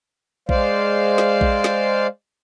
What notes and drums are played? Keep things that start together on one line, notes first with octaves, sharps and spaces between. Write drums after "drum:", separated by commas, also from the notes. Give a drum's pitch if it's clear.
G#3 C5 D5 F5, drum: kick A#1
drum: snare
drum: kick A#1
drum: snare